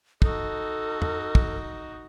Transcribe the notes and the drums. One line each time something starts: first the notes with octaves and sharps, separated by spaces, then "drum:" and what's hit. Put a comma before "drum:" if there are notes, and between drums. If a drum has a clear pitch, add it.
D#4 F#4 A4, drum: kick
drum: tom
drum: kick